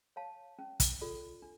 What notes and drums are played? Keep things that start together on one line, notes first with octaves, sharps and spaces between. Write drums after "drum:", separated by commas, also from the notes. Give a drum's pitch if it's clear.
C#5 F5 A5
C#4
drum: kick, hi-hat
F4 A4 D5
D4